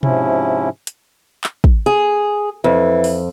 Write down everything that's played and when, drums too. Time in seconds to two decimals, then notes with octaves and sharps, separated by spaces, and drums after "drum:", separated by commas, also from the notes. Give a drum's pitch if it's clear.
0.03 G#2 C3 F3 C#4 E4, drum: tom B2
0.87 drum: hi-hat
1.44 drum: clap
1.64 drum: kick
1.86 G#4
2.64 F2 E3
3.04 drum: open hi-hat